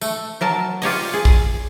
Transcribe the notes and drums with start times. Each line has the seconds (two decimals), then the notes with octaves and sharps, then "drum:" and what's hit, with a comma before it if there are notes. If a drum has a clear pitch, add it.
0.01 A3, drum: tambourine
0.41 F#3 A#4 A5
0.82 F4 G4 C#5 D#5, drum: open hi-hat
1.14 G#4
1.25 drum: kick A#1